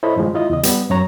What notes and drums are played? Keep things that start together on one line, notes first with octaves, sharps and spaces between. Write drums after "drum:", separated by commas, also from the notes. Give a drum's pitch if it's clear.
E4 A4 C5 C#5 D#5 B5
G2 D#3 F3 G#3
E4 F4 D#5
E2 C#3 D#5
G3 B3, drum: hi-hat
F#2 F#3 C#5 A#5